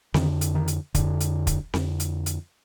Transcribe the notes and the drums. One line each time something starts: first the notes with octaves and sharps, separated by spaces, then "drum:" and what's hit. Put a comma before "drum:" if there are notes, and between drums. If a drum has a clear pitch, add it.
F2 D3 D#3, drum: snare C4
drum: hi-hat
D#3
drum: hi-hat
F2 D3, drum: kick, hi-hat
drum: hi-hat
drum: kick, hi-hat
F2 D3, drum: snare C4
drum: hi-hat
drum: hi-hat